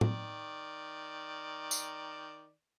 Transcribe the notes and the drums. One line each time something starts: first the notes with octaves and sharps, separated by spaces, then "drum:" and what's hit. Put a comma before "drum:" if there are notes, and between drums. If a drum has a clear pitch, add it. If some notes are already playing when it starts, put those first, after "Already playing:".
D#3 D5, drum: tom A2
drum: tambourine